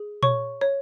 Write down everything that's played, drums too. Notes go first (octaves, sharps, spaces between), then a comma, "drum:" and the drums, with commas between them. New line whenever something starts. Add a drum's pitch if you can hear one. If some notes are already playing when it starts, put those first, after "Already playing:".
Already playing: G#4
C#5 C#6, drum: tom A#2
C#5